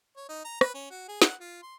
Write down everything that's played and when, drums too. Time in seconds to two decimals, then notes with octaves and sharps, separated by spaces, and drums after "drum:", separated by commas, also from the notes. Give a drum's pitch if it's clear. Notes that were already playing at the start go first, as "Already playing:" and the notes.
0.17 C#5
0.29 D#4
0.45 A#5
0.61 B4, drum: rim click
0.75 C#4
0.90 F#4
1.08 G#4
1.22 F#5, drum: snare
1.41 F4
1.63 C6